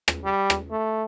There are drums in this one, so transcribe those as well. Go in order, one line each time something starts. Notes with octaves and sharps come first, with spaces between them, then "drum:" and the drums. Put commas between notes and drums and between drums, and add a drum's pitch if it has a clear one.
drum: rim click
G3
drum: rim click
A3